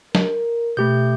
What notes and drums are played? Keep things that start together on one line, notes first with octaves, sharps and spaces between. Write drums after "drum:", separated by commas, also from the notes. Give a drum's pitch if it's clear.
A#4, drum: snare
B2 A3 G4 G6